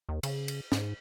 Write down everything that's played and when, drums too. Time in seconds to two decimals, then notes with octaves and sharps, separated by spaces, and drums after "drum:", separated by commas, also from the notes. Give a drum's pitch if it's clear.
0.09 D#2
0.23 C#3, drum: cymbal
0.48 drum: cymbal
0.72 G#2, drum: snare